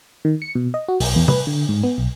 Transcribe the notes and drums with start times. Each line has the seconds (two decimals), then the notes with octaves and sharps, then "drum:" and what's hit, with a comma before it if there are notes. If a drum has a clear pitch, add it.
0.25 D#3
0.42 C#7
0.55 B2
0.74 D#5
0.88 F#4
1.00 B1, drum: open hi-hat
1.16 E2
1.28 B4, drum: tom
1.47 D3
1.69 G#2
1.84 B3
1.98 B1